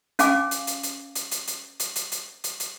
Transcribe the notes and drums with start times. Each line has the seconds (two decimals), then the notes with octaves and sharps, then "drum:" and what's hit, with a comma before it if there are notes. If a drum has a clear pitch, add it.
0.19 C#4 F5 G#5 D6, drum: hi-hat
0.51 drum: hi-hat
0.67 drum: hi-hat
0.83 drum: hi-hat
1.15 drum: hi-hat
1.31 drum: hi-hat
1.47 drum: hi-hat
1.79 drum: hi-hat
1.96 drum: hi-hat
2.12 drum: hi-hat
2.44 drum: hi-hat
2.60 drum: hi-hat